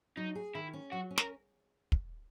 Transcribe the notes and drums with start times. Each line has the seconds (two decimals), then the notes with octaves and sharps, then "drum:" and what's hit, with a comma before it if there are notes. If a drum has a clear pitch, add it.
0.17 F#3 D#4
0.35 G#4
0.55 D#3 E4
0.73 C#4
0.92 F#3 F#4
1.11 C#4
1.18 A#4, drum: snare
1.92 drum: kick